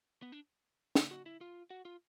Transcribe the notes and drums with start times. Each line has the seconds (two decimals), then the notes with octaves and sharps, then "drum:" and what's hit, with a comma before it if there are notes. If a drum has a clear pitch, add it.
0.22 B3
0.32 D4
0.95 drum: snare
1.11 F#4
1.26 E4
1.41 F4
1.70 F#4
1.85 F4